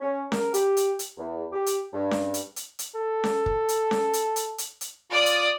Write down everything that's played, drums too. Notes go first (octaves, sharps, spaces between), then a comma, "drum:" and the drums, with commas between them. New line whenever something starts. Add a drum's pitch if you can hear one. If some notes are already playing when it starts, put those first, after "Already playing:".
C#4
A#4, drum: snare C#4
G4, drum: hi-hat
drum: hi-hat
drum: hi-hat
E2
G4
drum: hi-hat
G2
drum: snare C#4
drum: hi-hat
drum: hi-hat
drum: hi-hat
A4
drum: snare C#4
drum: kick
drum: hi-hat
drum: snare C#4
drum: hi-hat
drum: hi-hat
drum: hi-hat
drum: hi-hat
F4 D5 D#6
drum: hi-hat